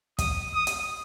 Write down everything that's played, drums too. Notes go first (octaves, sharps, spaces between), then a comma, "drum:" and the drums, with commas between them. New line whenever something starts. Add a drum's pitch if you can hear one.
D#6, drum: kick, hi-hat
D#6
drum: hi-hat